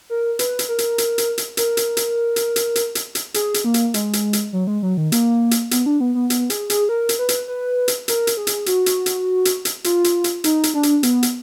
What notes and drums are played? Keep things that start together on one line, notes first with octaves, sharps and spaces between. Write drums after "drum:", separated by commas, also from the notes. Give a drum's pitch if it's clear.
A#4
B4, drum: hi-hat
drum: hi-hat
A#4
drum: hi-hat
drum: hi-hat
drum: hi-hat
drum: hi-hat
A#4, drum: hi-hat
drum: hi-hat
drum: hi-hat
drum: hi-hat
drum: hi-hat
drum: hi-hat
drum: hi-hat
drum: hi-hat
G#4, drum: hi-hat
drum: hi-hat
A#3
drum: hi-hat
G#3, drum: hi-hat
drum: hi-hat
drum: hi-hat
F#3
G#3
F#3
D#3
A#3, drum: hi-hat
drum: hi-hat
B3, drum: hi-hat
D4
B3
B3
B3, drum: hi-hat
G#4, drum: hi-hat
G#4, drum: hi-hat
A#4
drum: hi-hat
B4
drum: hi-hat
B4
drum: hi-hat
A#4, drum: hi-hat
drum: hi-hat
G#4
drum: hi-hat
F#4, drum: hi-hat
drum: hi-hat
drum: hi-hat
drum: hi-hat
drum: hi-hat
F4, drum: hi-hat
drum: hi-hat
drum: hi-hat
D#4, drum: hi-hat
drum: hi-hat
D4
drum: hi-hat
B3, drum: hi-hat
drum: hi-hat